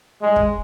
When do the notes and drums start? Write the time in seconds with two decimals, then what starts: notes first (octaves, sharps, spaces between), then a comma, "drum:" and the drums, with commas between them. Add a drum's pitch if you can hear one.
0.21 G#2 G3 G#3
0.36 drum: kick